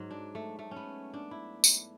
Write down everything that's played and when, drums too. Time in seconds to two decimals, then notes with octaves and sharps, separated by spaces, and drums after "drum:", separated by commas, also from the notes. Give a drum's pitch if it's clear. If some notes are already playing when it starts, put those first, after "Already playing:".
Already playing: G#2 F#3
0.11 D4
0.35 A3
0.59 A3
0.71 C#4
0.76 B3
1.14 D4
1.31 E4
1.64 drum: tambourine